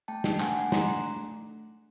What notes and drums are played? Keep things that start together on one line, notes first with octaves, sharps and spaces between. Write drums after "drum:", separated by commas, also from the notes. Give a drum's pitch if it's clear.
A3 G5 A5
D4 G5 A5, drum: snare
A3 F#5 G#5, drum: clap
D4 F#5 G#5
A3 A#5 C6, drum: snare
D4
A3